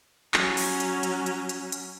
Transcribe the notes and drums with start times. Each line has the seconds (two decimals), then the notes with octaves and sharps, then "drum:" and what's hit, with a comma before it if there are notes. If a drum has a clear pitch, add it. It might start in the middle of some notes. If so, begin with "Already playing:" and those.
0.34 F#3 C#4, drum: clap
0.57 drum: open hi-hat
0.80 drum: hi-hat
1.03 drum: hi-hat
1.26 drum: hi-hat
1.49 drum: hi-hat
1.72 drum: hi-hat